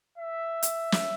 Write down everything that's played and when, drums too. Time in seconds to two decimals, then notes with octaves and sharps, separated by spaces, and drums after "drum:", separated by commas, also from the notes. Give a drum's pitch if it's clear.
0.18 E5
0.63 drum: hi-hat
0.92 drum: snare